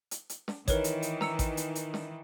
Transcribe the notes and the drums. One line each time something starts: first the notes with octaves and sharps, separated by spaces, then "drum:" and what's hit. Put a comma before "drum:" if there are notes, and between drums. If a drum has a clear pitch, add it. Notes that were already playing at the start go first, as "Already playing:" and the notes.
drum: hi-hat
drum: hi-hat
drum: snare
D#3 E3 A#4 B4 C#5, drum: kick A1, hi-hat
drum: hi-hat
drum: hi-hat
A#5 E6 C#7, drum: snare
drum: kick A1, hi-hat
drum: hi-hat
drum: hi-hat
drum: snare